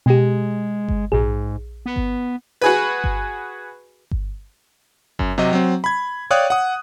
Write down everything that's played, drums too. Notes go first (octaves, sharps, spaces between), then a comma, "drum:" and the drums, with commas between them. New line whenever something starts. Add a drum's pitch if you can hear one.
B2 G#3 G4
drum: kick G1
A#1 G#2 G#4
B3
drum: kick G1
F#4 G#4 B4
drum: kick G1
drum: kick G1
F#2, drum: kick G1
C3 F#3 G4 D#5
F#3 C4
B5 G#6
C#5 D5 F5 G5 D#6 F#6
F#5 D#6